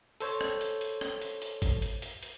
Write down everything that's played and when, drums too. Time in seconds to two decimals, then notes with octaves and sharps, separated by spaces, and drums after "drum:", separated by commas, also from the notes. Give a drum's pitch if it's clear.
0.20 A4 C5 C#5, drum: open hi-hat
0.41 drum: rim click
0.61 drum: hi-hat
0.81 drum: hi-hat
1.01 drum: rim click
1.21 drum: hi-hat
1.42 drum: hi-hat
1.62 drum: kick G#1, hi-hat
1.82 drum: hi-hat
2.02 drum: hi-hat
2.23 drum: hi-hat